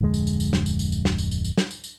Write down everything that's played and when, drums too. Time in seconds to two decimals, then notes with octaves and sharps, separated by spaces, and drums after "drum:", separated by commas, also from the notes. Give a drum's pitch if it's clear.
0.01 D1 F2 D3 G#3
0.14 drum: tambourine
0.27 drum: tambourine
0.40 drum: tambourine
0.53 drum: snare
0.66 drum: tambourine
0.79 drum: tambourine
0.92 drum: tambourine
1.05 drum: snare
1.18 drum: tambourine
1.31 drum: tambourine
1.44 drum: tambourine
1.58 drum: snare
1.71 drum: tambourine
1.84 drum: tambourine